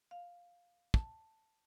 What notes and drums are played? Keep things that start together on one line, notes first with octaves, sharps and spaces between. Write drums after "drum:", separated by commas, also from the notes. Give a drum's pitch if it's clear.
F5
A5, drum: kick